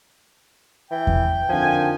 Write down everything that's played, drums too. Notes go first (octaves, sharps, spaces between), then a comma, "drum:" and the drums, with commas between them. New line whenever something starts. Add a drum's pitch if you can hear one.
E3 G5
drum: kick E2
F2 D3 D#3 F3 G#5